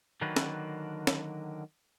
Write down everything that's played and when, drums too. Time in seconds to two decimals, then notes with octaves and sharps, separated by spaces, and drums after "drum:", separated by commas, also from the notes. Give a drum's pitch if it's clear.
0.21 D3 D#3 F#3 A#3 F#4 B4
0.36 drum: snare
1.07 drum: snare